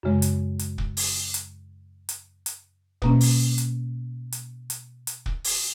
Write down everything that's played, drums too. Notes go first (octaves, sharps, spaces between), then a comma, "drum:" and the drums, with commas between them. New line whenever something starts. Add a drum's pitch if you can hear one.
F#2 C#3 G#3
drum: hi-hat
drum: hi-hat
drum: kick
drum: open hi-hat
drum: hi-hat
drum: hi-hat
drum: hi-hat
B2 A#3 C#4, drum: kick
drum: open hi-hat
drum: hi-hat
drum: hi-hat
drum: hi-hat
drum: hi-hat
drum: kick
drum: open hi-hat